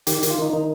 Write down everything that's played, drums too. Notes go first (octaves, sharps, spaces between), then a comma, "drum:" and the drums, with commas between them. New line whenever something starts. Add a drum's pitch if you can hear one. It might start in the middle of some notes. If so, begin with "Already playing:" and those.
D#3 G4, drum: hi-hat
G4
D#3, drum: hi-hat
F4
D#3 D#4
D#3 D#4